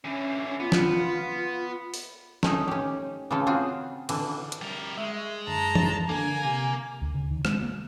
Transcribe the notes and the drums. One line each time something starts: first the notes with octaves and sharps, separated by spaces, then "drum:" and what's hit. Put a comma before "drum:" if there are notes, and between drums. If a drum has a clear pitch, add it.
D3 E3 C#4
B3 F4
drum: snare
drum: open hi-hat
A3 C#4 D#4, drum: snare
C#4 G4
C#3 E3 A3 C#4 F4 A4
C4 F4 F#4 G#4
D3 E3, drum: cymbal
drum: hi-hat
G3 A#4
G#3 E5 C#6
F#2 D3 A5 A#5
drum: tom E3
D3 A#3 G#5
C3
D2
C#3
D#3
G#3, drum: rim click
A#3